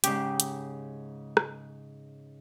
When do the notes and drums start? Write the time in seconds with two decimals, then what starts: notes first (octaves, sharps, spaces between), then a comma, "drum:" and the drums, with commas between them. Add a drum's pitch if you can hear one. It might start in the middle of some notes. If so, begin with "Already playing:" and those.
0.04 G#2 C#3 C#4 G4, drum: hi-hat
0.40 drum: hi-hat
1.37 drum: rim click